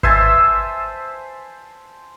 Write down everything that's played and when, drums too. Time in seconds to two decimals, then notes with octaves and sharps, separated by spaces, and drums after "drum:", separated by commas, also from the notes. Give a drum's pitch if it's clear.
0.03 C5 E5 G#5 A5, drum: kick G#1